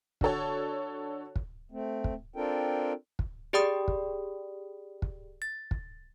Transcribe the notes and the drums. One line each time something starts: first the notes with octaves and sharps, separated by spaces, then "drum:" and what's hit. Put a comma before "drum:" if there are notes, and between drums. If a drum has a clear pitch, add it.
D3 F#4 A4 C#5, drum: kick
drum: kick
A3 C4
drum: kick
C4 D4 F4 A4 A#4 G5
drum: kick
G4 G#4 D5 G5 B5 D#6
drum: kick
drum: kick
A6
drum: kick